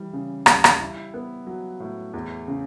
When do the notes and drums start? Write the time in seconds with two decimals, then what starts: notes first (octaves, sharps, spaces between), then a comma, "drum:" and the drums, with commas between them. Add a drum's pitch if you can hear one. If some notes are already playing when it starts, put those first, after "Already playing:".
Already playing: E3 G3
0.13 C#3
0.46 G3, drum: rim click
0.64 drum: rim click
0.80 E4
1.14 B3
1.47 F#3
1.80 A2
2.14 E2
2.48 C#3